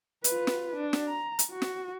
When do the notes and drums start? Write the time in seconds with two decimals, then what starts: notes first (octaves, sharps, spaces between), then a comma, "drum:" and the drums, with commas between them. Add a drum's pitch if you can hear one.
0.24 F4 B4, drum: hi-hat
0.47 drum: snare
0.76 D4
0.93 drum: snare
1.07 A#5
1.39 drum: hi-hat
1.51 F#4
1.62 drum: snare